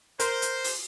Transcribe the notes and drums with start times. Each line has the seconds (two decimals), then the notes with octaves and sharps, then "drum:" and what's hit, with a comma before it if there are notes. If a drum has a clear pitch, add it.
0.20 A#4 C5, drum: hi-hat
0.42 drum: hi-hat
0.64 drum: open hi-hat